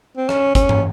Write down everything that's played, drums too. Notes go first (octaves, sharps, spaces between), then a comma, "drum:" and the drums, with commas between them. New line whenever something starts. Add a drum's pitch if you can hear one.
C4
C#4, drum: rim click
C#4, drum: kick G1, hi-hat
drum: tom G2